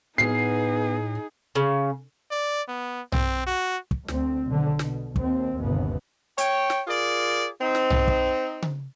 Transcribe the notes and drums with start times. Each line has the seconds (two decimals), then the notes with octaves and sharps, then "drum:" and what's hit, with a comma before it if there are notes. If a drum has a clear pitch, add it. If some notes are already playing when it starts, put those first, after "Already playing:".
0.18 A2 B3 D#4 G#4 C7
1.55 C#3
2.31 D5
2.68 B3
3.12 C4, drum: tom B1
3.46 F#4
3.91 drum: kick
4.08 D2 C4, drum: snare
4.47 B1 D3
4.79 B2, drum: snare
5.16 D#2 C4, drum: kick
5.59 G1 D#2 C3 B3
6.38 C#5 G5, drum: hi-hat
6.70 drum: snare
6.88 F4 G#4 A#4 D5
7.62 C4 D#4
7.75 drum: snare
7.90 drum: tom B1
8.08 drum: kick
8.62 drum: tom C#3